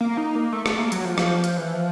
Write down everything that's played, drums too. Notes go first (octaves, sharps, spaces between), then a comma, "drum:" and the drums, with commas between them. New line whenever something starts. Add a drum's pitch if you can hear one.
A#3
D#4
A#3
A3
A3, drum: rim click
A#3
F#3, drum: hi-hat
F3
drum: rim click
drum: hi-hat
E3
F3